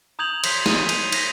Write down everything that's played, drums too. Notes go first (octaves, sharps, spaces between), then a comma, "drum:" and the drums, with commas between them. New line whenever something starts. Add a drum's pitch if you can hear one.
A#5 D#6 G6 G#6 F7 F#7
C6 G6 G#6 B6, drum: cymbal
D#6 D#7, drum: snare
D#7 F7, drum: cymbal
A#6 B6, drum: cymbal